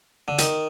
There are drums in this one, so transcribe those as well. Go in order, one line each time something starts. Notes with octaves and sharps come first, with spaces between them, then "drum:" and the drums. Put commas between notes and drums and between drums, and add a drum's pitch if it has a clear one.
D3
D#3, drum: hi-hat